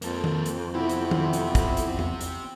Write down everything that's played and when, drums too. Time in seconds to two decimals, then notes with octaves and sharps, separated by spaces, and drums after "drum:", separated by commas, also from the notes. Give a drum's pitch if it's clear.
0.02 F2 A#3 A4, drum: hi-hat
0.24 drum: tom D#3
0.46 drum: hi-hat
0.75 B3 C4 E4 G4
0.89 drum: hi-hat
1.11 drum: tom D#3
1.33 drum: hi-hat
1.55 drum: kick, hi-hat
1.77 drum: hi-hat
1.99 drum: tom E2
2.21 drum: hi-hat